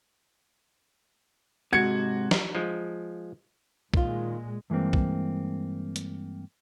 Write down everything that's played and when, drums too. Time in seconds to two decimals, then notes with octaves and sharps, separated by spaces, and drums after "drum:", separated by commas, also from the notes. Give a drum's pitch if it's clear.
1.72 G#2 C3 F#4 G#6 C#7
2.31 drum: snare
2.55 F3 G#3
3.94 A#2 D#3 G#3 F4, drum: kick
4.70 G2 E3 G#3 A#3 C4
4.93 drum: kick
5.96 drum: hi-hat